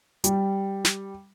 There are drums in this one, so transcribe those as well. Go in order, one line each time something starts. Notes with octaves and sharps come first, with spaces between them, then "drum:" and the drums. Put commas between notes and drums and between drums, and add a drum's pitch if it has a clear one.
G3, drum: hi-hat
drum: snare